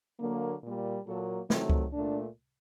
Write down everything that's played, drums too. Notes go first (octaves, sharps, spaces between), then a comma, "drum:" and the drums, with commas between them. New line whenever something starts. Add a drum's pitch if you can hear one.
D3 F#3 A#3
A#2 G3 A#3
A#2 F#3 A#3 A4
C3 D#3 F#3 A3 C4, drum: snare
drum: kick C#2
A#2 A3 D4